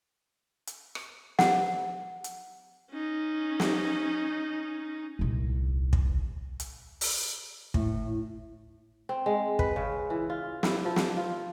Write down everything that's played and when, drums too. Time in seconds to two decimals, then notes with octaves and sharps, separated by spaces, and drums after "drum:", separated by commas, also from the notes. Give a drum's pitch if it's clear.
0.67 drum: hi-hat
0.95 drum: rim click
1.39 F#5, drum: snare
2.24 drum: hi-hat
2.91 C#4 D#4
3.60 drum: snare
5.19 D#1 C2
5.93 drum: kick
6.60 drum: hi-hat
7.01 drum: open hi-hat
7.74 A2, drum: kick
9.09 C4
9.26 G#3
9.59 B4, drum: kick
9.76 C#3
10.10 E3
10.30 F4
10.63 E4, drum: snare
10.85 F3
10.96 drum: snare
11.17 F4